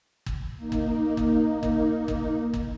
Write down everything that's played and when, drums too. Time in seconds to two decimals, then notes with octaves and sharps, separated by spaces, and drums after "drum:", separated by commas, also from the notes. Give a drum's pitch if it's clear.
0.26 drum: kick G1
0.57 A#3 D#4
0.72 drum: kick G1
1.17 drum: kick G1
1.63 drum: kick G1
2.08 drum: kick G1
2.54 drum: kick G1